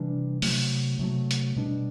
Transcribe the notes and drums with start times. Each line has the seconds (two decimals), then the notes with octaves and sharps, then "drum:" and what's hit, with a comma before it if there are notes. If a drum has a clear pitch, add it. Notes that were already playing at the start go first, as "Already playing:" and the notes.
Already playing: C3 E3 G3 D4
0.42 C3 F#3 A3, drum: open hi-hat
0.99 C3 F#3 A3
1.31 drum: hi-hat
1.56 B2 G3 D4